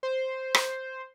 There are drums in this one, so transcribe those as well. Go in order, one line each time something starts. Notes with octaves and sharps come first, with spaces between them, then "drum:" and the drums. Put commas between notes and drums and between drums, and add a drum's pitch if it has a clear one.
C5
drum: rim click